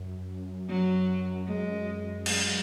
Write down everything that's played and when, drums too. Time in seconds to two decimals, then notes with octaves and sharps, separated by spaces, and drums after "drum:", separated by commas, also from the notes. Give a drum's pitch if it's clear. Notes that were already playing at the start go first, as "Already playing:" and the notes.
Already playing: F#2
0.69 F#3
1.47 F#2 G#3
2.26 G#3, drum: cymbal